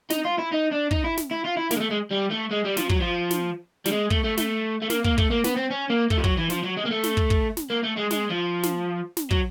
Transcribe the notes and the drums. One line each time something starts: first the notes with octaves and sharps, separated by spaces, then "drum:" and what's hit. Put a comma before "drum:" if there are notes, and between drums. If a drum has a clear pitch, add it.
D#4, drum: snare
F4
E4
D#4
D4
D#4, drum: kick
E4
drum: snare
E4
F4
E4
A#3, drum: snare
G#3
A3
G#3
G3
A3
G#3
G3
F3, drum: snare
F#3, drum: kick
F3
drum: snare
G3, drum: snare
G#3
A3, drum: kick
A3
A3, drum: snare
A3
A#3, drum: snare
A#3, drum: kick
A3, drum: kick
A#3
B3, drum: snare
C4
C#4
A#3
A3, drum: kick
F3
F#3, drum: kick
E3
F3, drum: snare
F#3
G#3
A#3
A3
drum: snare
drum: kick
drum: kick
drum: snare
A#3
A3
G#3
G#3, drum: snare
F3
drum: snare
drum: snare
F#3, drum: kick